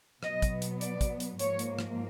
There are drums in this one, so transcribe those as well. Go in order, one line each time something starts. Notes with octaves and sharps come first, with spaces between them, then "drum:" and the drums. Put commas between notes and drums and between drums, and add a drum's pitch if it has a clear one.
B2 F#3 B3 D#5, drum: rim click
drum: kick, hi-hat
drum: hi-hat
D5, drum: hi-hat
drum: kick, hi-hat
drum: hi-hat
G#2 F3 A#3 C#5, drum: hi-hat
drum: hi-hat
drum: rim click